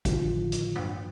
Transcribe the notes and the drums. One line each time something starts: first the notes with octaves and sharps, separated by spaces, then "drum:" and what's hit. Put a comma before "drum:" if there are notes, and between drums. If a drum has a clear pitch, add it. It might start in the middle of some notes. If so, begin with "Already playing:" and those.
A2 D3 D#3 F3 F4, drum: kick G#1, hi-hat
drum: hi-hat
drum: tom